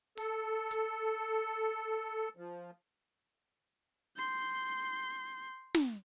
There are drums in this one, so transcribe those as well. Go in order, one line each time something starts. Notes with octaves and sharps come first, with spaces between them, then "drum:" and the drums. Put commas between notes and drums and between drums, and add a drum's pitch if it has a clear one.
A4, drum: open hi-hat
drum: hi-hat
F3
C6 G6
drum: snare